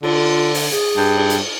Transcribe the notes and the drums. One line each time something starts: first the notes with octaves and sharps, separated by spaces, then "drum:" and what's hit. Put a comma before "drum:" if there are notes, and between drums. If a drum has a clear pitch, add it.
D3 F4, drum: cymbal
drum: open hi-hat
G#4, drum: hi-hat
G2
drum: cymbal
drum: hi-hat